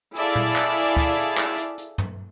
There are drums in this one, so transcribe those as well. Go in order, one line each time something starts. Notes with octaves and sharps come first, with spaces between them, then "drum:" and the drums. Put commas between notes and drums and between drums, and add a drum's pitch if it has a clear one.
E4 G#4 A4 D5 E5 F5, drum: hi-hat
drum: tom
drum: clap
drum: open hi-hat
drum: kick, hi-hat
drum: hi-hat
drum: clap
drum: hi-hat
drum: hi-hat
drum: tom